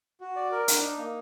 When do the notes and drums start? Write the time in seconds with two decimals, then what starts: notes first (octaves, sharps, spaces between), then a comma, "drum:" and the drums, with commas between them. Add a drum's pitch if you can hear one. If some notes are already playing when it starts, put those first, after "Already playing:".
0.21 F#4
0.36 D5
0.52 A#4
0.68 D4, drum: hi-hat
0.83 D#4
0.98 A#3